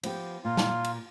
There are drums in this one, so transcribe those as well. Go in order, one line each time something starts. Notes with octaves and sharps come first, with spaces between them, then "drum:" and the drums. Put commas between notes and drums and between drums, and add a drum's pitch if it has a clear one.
F3 B3 G4, drum: cymbal
A#2 F4
drum: snare
drum: cymbal